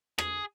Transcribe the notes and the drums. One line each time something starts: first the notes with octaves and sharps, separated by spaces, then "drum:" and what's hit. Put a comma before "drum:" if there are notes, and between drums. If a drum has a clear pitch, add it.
G#4, drum: rim click